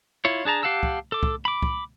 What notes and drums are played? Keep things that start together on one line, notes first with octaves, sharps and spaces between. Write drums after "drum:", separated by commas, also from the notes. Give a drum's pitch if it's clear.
E4 F4 C#5
D4 G#4 A5 A#5
G4 F5 F#5 A5 E6
drum: kick
A4 D6
drum: kick
B5 D6
drum: kick